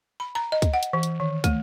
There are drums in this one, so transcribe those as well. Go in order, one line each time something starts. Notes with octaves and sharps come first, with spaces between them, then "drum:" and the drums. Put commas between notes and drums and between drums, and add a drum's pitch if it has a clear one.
B5
A#5
D#5
drum: kick, hi-hat
F#5
drum: hi-hat
E3
drum: hi-hat
D#3
A3, drum: kick, hi-hat